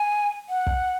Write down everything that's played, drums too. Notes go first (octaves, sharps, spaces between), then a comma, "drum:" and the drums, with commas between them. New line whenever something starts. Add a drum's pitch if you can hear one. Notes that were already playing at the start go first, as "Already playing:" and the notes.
Already playing: G#5
F#5
drum: kick